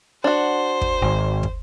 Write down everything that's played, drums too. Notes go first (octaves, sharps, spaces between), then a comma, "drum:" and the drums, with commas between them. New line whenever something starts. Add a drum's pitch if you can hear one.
D4 F#4 C5
drum: kick
G#1
drum: kick